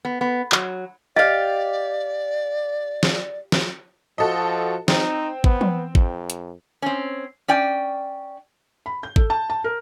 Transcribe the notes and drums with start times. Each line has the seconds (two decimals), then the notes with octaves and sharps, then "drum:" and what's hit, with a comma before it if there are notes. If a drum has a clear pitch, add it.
0.05 B3
0.21 B3
0.52 F#3, drum: clap
1.16 G4 D5 D#5 F5
3.03 drum: snare
3.52 drum: snare
4.18 F3 F#4 A4 D#5
4.88 C4 D#4, drum: snare
5.44 B3, drum: kick G#1
5.61 drum: tom
5.95 F2, drum: kick G#1
6.30 drum: hi-hat
6.82 C4 C#4
7.48 C#4 D5 G5
8.86 B5
9.03 G6
9.16 A4, drum: kick G#1
9.30 A5
9.50 A5
9.64 A#4